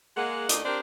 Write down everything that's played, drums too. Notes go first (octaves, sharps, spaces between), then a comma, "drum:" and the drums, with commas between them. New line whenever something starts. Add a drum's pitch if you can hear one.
G#3 A#3 F#5
D#2 A3 A#3 D4 D#5, drum: hi-hat
C4 D4 G4 A#4 C5 D5